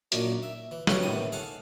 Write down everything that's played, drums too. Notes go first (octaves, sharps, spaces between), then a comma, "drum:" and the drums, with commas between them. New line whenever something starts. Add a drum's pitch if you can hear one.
F#2 A#2 A#3 D4 D#4, drum: hi-hat
E5
E3
C#2 B2 C#4 G4 A4 F#5, drum: snare
D#2 A2 C3 B3 D#6
G#4 A4 F5 F#5